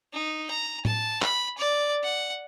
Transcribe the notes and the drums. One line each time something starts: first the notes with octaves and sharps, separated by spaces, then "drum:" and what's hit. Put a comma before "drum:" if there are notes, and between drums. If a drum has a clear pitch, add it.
D#4
A#5
A5, drum: tom A2
B5, drum: clap
D5
F#5